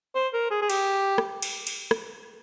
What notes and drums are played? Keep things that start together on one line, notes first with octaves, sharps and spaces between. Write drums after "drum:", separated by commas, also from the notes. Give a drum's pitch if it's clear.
C5
A#4
G#4
G#4
G4, drum: cymbal
drum: rim click
drum: cymbal
drum: cymbal
drum: rim click